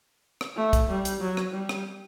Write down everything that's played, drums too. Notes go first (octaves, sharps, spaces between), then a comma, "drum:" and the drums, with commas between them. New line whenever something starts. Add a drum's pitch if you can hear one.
drum: rim click
A3
drum: kick, hi-hat
G3
drum: hi-hat
F#3
drum: rim click
G3
drum: rim click